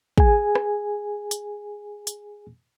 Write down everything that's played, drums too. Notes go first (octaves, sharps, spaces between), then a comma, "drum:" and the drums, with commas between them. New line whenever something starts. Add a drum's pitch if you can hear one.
G#4 G#5, drum: kick
drum: rim click
drum: hi-hat
drum: hi-hat